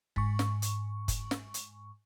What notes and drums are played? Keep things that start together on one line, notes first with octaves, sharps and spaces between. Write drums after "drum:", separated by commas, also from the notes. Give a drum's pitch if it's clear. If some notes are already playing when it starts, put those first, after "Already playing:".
G#2 C#6, drum: kick
drum: snare
drum: hi-hat
drum: kick, hi-hat
drum: snare
drum: hi-hat